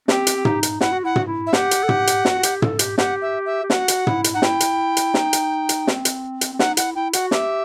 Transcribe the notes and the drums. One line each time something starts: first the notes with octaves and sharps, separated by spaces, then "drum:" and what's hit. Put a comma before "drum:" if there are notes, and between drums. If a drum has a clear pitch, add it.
C4 G4, drum: snare
drum: hi-hat
C4
D#4, drum: tom
drum: hi-hat
E4 F#5, drum: snare
F#4
E4 F#5
F#4, drum: tom
E4
E5
G4 F#5, drum: snare
drum: hi-hat
A4
G4, drum: tom
drum: hi-hat
F#4, drum: snare
F#4
G4, drum: hi-hat
A4, drum: tom
G4, drum: hi-hat
G4 F#5, drum: snare
E5
E5
G4
F#4 F#5, drum: snare
drum: hi-hat
E4, drum: tom
drum: hi-hat
D#4 F#5
E4 G5, drum: snare
drum: hi-hat
drum: hi-hat
D#4, drum: snare
drum: hi-hat
drum: hi-hat
C4, drum: snare
drum: hi-hat
drum: hi-hat
C4
D#4 F#5, drum: snare
E4 F#5, drum: hi-hat
E4 G5
F#4 F#5, drum: hi-hat
G4 E5, drum: snare